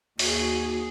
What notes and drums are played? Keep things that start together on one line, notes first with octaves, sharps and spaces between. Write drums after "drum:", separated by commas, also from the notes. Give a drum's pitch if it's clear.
D#2 F#4 G#4, drum: open hi-hat